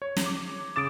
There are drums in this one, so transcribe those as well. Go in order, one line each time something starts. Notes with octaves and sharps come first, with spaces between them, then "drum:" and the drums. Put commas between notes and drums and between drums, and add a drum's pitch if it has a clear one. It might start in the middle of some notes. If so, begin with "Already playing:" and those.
C#5
drum: snare
D6
C#3 D6 D#6 A6 D7 E7